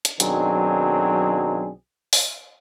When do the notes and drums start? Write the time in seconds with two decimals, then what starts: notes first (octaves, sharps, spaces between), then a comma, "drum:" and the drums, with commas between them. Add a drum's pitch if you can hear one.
0.05 drum: hi-hat
0.20 B1 D#3 F#3 C4 D4 G#4, drum: hi-hat
2.13 drum: open hi-hat